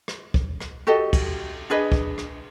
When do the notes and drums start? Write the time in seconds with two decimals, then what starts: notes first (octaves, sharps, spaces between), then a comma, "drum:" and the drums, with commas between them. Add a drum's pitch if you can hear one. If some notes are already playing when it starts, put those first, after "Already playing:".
0.08 drum: rim click
0.34 drum: kick
0.60 drum: rim click
0.87 F#4 G4 A4 D#5
1.13 drum: kick, cymbal
1.70 D4 G#4 B4 D#5
1.92 drum: kick
2.18 drum: rim click